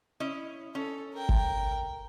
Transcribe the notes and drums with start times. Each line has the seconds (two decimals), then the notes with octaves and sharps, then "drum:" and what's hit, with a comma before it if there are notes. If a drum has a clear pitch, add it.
0.20 C#4 E4 D#5
0.75 C#4 A4
1.14 A#4 G5
1.29 drum: kick G#1